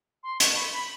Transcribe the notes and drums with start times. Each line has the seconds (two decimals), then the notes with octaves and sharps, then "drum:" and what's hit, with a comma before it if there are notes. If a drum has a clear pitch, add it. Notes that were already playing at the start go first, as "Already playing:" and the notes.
0.23 C6
0.40 C#6, drum: hi-hat
0.56 B5
0.73 B5